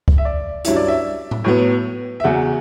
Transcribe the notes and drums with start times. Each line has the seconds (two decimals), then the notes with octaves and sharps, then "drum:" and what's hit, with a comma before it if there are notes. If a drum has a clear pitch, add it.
0.08 drum: kick C#2
0.18 E5
0.25 D5
0.65 G2 F#3 C#4 E4 E5, drum: hi-hat
0.76 D5
0.88 E5
1.31 drum: tom A2
1.44 A2 F#3 B3
2.20 E5
2.24 E2 C#3 F#3 F#5